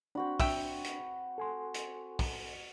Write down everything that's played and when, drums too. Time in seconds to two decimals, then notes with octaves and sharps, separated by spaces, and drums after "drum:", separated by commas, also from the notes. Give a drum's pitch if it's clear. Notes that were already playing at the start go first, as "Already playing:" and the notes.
0.15 C4 D4 F#4 B5
0.40 E5 F#5 G5, drum: kick, open hi-hat
0.84 drum: hi-hat
1.38 A4 G#5 C6
1.74 drum: hi-hat
2.19 drum: kick, open hi-hat